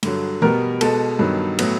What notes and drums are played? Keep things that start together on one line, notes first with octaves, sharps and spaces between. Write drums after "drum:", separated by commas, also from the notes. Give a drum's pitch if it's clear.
G2 D3 F#3, drum: cymbal
B2 G3 B3 A#4, drum: tom E3
B2 G#3 B3 A4, drum: cymbal
G2 D#3 F#3 B3
A2 F#3 B3, drum: cymbal